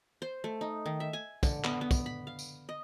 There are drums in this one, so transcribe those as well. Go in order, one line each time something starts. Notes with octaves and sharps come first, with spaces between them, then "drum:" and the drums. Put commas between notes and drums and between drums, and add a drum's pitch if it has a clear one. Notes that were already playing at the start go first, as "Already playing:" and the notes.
C5
A3
D#4
D#3
E5
G#5
D3, drum: kick, tambourine
B3, drum: clap
B3
drum: kick, tambourine
B5
F5
drum: tambourine
D#5